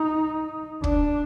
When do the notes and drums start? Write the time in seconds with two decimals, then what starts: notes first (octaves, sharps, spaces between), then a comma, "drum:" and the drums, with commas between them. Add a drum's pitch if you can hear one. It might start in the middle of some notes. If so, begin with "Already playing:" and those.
Already playing: D#4
0.84 D4, drum: kick